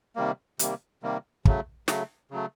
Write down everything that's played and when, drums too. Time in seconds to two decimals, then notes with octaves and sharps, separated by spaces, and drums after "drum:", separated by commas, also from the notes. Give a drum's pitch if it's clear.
0.16 C3 D#3 G3 A#3
0.59 C3 D#3 G3 A#3, drum: hi-hat
1.03 C3 D#3 G3 A#3
1.45 C#3 F#3 A3, drum: kick
1.88 C#3 F#3 A3, drum: snare
2.31 C#3 F#3 A3